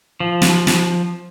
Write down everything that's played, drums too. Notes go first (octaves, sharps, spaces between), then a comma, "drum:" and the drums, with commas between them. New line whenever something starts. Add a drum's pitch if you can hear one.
F3
drum: snare
drum: snare